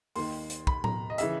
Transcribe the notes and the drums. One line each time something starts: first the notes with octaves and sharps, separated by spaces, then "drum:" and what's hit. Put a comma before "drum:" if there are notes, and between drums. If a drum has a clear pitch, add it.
D#2 D#3 C6, drum: open hi-hat
drum: hi-hat
B5, drum: kick
A#5, drum: tom A2
D#5
C#3 E3 E5, drum: hi-hat